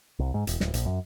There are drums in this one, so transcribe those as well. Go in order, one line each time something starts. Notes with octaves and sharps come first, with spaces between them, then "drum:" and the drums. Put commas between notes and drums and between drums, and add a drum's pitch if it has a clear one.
C2
G#2
E1, drum: hi-hat
D1, drum: snare
A#1, drum: hi-hat
F#2